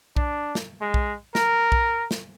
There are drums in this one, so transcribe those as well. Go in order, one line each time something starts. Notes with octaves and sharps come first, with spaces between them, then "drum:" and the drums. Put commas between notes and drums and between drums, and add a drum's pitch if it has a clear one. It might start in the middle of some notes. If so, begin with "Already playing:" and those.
D4, drum: kick B1
drum: snare
G#3
drum: kick B1
A#4, drum: snare
drum: kick B1
drum: snare